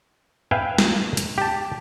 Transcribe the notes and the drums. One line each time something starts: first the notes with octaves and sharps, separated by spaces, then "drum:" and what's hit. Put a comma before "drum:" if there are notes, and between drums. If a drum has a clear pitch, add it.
B4 E5 F5 G5 G#5
drum: snare
drum: hi-hat
G4 A5